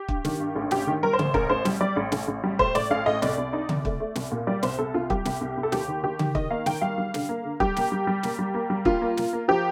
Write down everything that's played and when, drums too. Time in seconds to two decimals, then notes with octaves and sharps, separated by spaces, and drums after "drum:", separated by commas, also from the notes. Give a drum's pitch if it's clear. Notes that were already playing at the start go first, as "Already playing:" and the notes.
Already playing: G4
0.08 G2, drum: kick
0.25 D#3, drum: snare
0.40 G2
0.56 A1
0.71 G2 G4, drum: snare
0.87 D#3
1.03 G3 A#4
1.13 C5
1.19 A1, drum: tom C#3
1.34 A1 A#4, drum: kick
1.50 A1 C5
1.65 G3, drum: snare
1.81 G3 D5
1.96 A1
2.12 A1, drum: snare
2.28 A1
2.44 G3
2.59 A2 C5, drum: kick
2.75 A2 D5, drum: snare
2.91 A1 F5
3.06 A2 D#5
3.22 C2 D5, drum: snare
3.38 C2
3.53 D#4
3.69 C2, drum: tom C#3
3.85 A3, drum: kick
4.00 A3
4.15 C2, drum: snare
4.32 A#2
4.47 G3 D5
4.63 C2 C5, drum: snare
4.79 C2 A4
4.94 C2 F4
5.10 G3 G4, drum: kick
5.25 C2, drum: snare
5.41 C2
5.57 C2
5.63 A4
5.72 D#2 G4, drum: snare
5.88 D#3
6.03 D#3 G4
6.19 D#3, drum: tom C#3
6.35 D#3 D#5, drum: kick
6.51 A#3 F5
6.66 D#3 G5, drum: snare
6.82 G3 F5
6.98 G3
7.14 D3, drum: snare
7.29 A#3
7.45 D3
7.60 G3 G4, drum: kick
7.76 A#3, drum: snare
7.92 G3
8.07 G3
8.23 A#3, drum: snare
8.39 G3
8.54 A#3
8.70 G3
8.85 A#3 F4, drum: kick
9.01 A#3
9.17 A#3, drum: snare
9.33 A#3
9.48 F3 G4